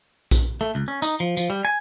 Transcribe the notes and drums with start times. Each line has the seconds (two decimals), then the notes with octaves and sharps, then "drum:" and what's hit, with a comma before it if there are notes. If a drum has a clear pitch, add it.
0.31 drum: kick A#1, tambourine
0.61 A3
0.75 C#2
0.88 C#4
1.02 D#4, drum: tambourine
1.20 F3
1.37 F3, drum: tambourine
1.50 G3
1.65 G#5